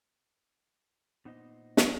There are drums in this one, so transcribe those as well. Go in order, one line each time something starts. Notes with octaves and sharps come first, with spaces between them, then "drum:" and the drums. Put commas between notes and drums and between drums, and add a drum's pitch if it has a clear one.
A#2 B3 D#4 C5 D#5
drum: snare